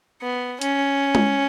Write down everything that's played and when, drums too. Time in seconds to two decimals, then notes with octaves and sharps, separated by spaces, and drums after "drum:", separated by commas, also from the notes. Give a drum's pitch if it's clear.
0.22 B3
0.61 C#4, drum: hi-hat
1.15 drum: tom G#3